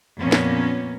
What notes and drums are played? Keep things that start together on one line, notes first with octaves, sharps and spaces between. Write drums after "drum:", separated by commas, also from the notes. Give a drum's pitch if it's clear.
F2 A#2 A#3 B3 C#4
drum: snare